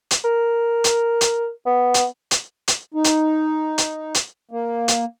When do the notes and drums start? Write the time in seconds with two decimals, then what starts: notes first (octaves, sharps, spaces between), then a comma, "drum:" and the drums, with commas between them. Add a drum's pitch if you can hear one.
0.11 drum: hi-hat
0.24 A#4
0.84 drum: hi-hat
1.21 drum: hi-hat
1.66 B3
1.94 drum: hi-hat
2.31 drum: hi-hat
2.68 drum: hi-hat
2.94 D#4
3.04 drum: hi-hat
3.78 drum: hi-hat
4.15 drum: hi-hat
4.51 A#3
4.88 drum: hi-hat